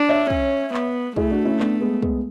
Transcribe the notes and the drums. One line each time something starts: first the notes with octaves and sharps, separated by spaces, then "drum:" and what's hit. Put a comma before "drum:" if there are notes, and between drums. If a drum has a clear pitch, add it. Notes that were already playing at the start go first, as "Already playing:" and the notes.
Already playing: D4
C#5 E5
C#4, drum: kick
B3, drum: clap
A3 E4 G#4, drum: kick
D4 F#4
C#4 E4
B3 D4, drum: clap
G#3 B3
G#3 B3, drum: kick